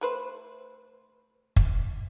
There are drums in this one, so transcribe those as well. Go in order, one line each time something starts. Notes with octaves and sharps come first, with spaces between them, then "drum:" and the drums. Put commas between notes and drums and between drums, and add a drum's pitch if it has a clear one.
A3 B4 C5
drum: kick